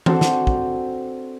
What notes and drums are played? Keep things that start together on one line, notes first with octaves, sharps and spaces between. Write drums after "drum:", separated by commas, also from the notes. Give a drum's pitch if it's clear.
C4 D4 F#4 A4 C5, drum: tom E3
drum: snare
drum: kick